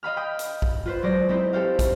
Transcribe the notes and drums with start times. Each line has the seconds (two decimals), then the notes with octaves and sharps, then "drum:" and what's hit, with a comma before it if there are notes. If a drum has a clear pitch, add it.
0.03 D#5 F5 B5 F6
0.17 G5 B5 D#6
0.39 drum: hi-hat
0.62 drum: kick
0.86 F4 B4 C5
1.03 F#3 G#3 C5 D5 A#6
1.28 C4 D#4 E4 B4 C5
1.53 G4 A4 C5 F5
1.79 drum: kick, hi-hat